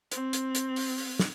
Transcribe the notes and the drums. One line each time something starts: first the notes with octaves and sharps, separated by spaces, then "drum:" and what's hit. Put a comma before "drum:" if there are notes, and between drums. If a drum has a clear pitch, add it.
C4, drum: hi-hat
drum: hi-hat
drum: hi-hat
drum: open hi-hat
drum: open hi-hat
drum: snare